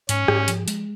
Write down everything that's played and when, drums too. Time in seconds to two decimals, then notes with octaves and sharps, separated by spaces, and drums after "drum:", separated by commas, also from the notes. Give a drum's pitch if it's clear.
0.09 G#2 C#4, drum: hi-hat
0.28 G#2, drum: rim click
0.48 F3, drum: hi-hat
0.68 G#3, drum: hi-hat